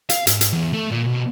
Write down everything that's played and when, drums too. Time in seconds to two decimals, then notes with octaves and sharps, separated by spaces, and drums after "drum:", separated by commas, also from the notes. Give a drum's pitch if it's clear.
0.09 F5, drum: hi-hat
0.27 G#2, drum: hi-hat
0.41 drum: hi-hat
0.53 E2
0.73 A3
0.91 A#2
1.06 B1